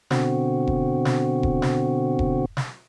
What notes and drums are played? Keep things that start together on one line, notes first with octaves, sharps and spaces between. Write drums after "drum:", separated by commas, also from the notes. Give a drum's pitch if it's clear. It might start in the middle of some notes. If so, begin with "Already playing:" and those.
B2 D3 C4 F#4, drum: snare
drum: kick E1
drum: snare
drum: kick E1
drum: snare
drum: kick E1
drum: snare